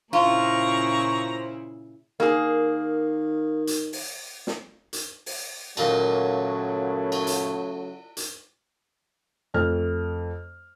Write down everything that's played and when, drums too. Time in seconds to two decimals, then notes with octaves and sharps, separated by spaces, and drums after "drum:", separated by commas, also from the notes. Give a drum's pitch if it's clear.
0.13 A#2 C#3 E4 F4 C5 A#5 C#6
2.20 D#3 A#3 G#4
3.67 drum: hi-hat
3.93 drum: open hi-hat
4.47 drum: snare
4.93 drum: hi-hat
5.26 drum: open hi-hat
5.77 D#2 A#2 C#3 F#3 A3 A5, drum: cymbal
7.12 drum: cymbal
7.27 drum: hi-hat
8.17 drum: hi-hat
9.54 F2 A3 F6